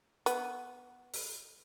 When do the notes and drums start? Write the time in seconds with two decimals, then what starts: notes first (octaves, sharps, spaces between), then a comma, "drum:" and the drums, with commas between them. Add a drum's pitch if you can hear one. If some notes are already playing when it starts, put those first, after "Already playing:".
0.26 B3, drum: hi-hat
1.14 drum: open hi-hat